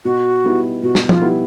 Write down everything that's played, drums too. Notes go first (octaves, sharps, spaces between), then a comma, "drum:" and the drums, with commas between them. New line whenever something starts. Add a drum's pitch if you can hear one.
B2 F#4
G3 B3 E4
B2 F#4
drum: snare
F4, drum: tom
G3 B3 E4